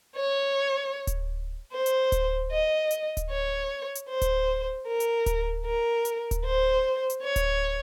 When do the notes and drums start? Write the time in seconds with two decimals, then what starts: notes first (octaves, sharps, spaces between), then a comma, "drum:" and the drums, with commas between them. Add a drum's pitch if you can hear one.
0.16 C#5
1.07 drum: kick D1, hi-hat
1.73 C5
1.86 drum: hi-hat
2.12 drum: kick D1, hi-hat
2.51 D#5
2.91 drum: hi-hat
3.17 drum: kick D1, hi-hat
3.30 C#5
3.95 drum: hi-hat
4.09 C5
4.22 drum: kick D1, hi-hat
4.88 A#4
5.00 drum: hi-hat
5.26 drum: kick D1, hi-hat
5.66 A#4
6.05 drum: hi-hat
6.31 drum: kick D1, hi-hat
6.45 C5
7.10 drum: hi-hat
7.23 C#5
7.36 drum: kick D1, hi-hat